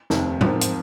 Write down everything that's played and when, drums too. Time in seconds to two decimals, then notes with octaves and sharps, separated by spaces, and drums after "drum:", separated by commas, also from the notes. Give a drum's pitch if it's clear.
0.10 F1 D#2 D#3 C4, drum: snare
0.41 G#2 F3 C4 F4 A#4, drum: tom A2
0.61 drum: hi-hat